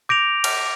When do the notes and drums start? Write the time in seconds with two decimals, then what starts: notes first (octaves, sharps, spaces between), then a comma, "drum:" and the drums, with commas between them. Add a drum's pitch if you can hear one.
0.09 D6 G6 A#6 D7 F7
0.44 drum: cymbal